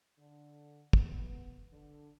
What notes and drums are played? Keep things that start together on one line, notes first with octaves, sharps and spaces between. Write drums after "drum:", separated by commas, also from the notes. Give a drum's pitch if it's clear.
D3
B3, drum: kick
D3